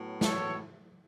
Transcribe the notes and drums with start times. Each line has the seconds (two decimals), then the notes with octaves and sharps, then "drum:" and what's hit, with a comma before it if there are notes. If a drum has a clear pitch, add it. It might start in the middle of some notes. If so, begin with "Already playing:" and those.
Already playing: A2 F#3 B3
0.21 A4 C#5, drum: snare